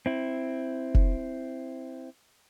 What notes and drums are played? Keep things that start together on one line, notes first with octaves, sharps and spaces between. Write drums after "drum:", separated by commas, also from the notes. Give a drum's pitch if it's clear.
C4 E4
drum: kick F1